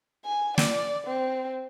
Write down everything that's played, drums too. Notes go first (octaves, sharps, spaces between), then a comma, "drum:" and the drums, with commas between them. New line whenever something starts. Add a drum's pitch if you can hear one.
G#5
D5, drum: snare
C4